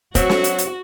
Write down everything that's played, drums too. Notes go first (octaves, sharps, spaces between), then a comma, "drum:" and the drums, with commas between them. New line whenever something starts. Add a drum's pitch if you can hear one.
F#3 C4 F#4, drum: kick F1, hi-hat
drum: snare
drum: hi-hat
drum: hi-hat